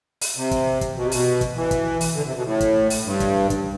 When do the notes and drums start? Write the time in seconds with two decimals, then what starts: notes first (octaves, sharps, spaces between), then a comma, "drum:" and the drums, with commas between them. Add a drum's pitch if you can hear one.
0.22 drum: open hi-hat
0.37 C3
0.51 drum: kick, hi-hat
0.81 drum: kick, hi-hat
0.97 B2
1.04 C3
1.12 B2, drum: open hi-hat
1.41 drum: kick, hi-hat
1.56 E3
1.71 drum: kick, hi-hat
2.01 drum: open hi-hat
2.15 D3
2.25 C3
2.36 B2
2.46 A2
2.60 drum: kick, hi-hat
2.90 drum: open hi-hat
3.05 G2
3.20 drum: kick, hi-hat
3.50 drum: kick, hi-hat